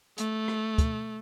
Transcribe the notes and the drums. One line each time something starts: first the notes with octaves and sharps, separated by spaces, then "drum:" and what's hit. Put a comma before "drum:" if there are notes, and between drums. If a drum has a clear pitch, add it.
A3, drum: hi-hat
drum: rim click
drum: kick, hi-hat